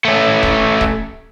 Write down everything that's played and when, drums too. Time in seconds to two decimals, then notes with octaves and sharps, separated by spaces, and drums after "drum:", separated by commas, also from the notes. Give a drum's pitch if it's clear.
0.05 A3 C#4
0.43 drum: kick C#1
0.81 drum: kick C#1